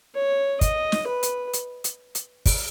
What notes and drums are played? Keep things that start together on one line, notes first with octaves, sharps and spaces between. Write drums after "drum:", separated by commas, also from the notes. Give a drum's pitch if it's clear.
C#5
D#5, drum: kick, hi-hat
drum: snare
B4
drum: hi-hat
drum: hi-hat
drum: hi-hat
drum: hi-hat
drum: kick, open hi-hat